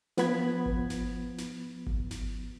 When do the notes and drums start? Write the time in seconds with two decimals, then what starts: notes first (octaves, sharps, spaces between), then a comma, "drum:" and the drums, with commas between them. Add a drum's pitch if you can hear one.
0.17 F3 B3 B5 G#6, drum: snare
0.66 drum: kick G#1
0.90 drum: snare
1.38 drum: snare
1.87 drum: kick G#1
2.11 drum: snare